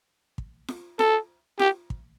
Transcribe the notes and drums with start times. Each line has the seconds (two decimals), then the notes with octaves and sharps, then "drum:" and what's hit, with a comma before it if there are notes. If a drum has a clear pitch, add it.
0.38 drum: kick
0.68 drum: snare F4
0.99 A4, drum: snare F4
1.59 G4, drum: snare F4
1.90 drum: kick